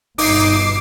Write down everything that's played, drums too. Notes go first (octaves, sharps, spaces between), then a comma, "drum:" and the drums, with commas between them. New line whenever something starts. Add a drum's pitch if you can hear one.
G1 G2 B2 D#4 D6 C7, drum: open hi-hat